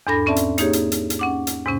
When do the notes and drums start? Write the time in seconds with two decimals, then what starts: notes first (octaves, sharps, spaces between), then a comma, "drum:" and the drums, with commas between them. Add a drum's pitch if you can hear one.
0.07 E2 G#2 D4 A4 B5 A#6
0.26 C4 C#4 D5 E5 A5
0.36 drum: hi-hat
0.58 A#3 D#4 G4 G#4 C#5, drum: hi-hat
0.73 drum: hi-hat
0.92 drum: hi-hat
1.10 drum: hi-hat
1.19 C#4 F#5 D6
1.47 drum: hi-hat
1.65 E2 G#2 C3 C#4